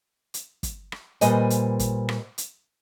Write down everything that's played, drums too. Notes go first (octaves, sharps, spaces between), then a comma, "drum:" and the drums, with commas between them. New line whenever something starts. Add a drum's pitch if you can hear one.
drum: hi-hat
drum: kick, hi-hat
drum: rim click
A#2 G3 B4 C5 D#5 G#5, drum: hi-hat
drum: hi-hat
drum: kick, hi-hat
drum: rim click
drum: hi-hat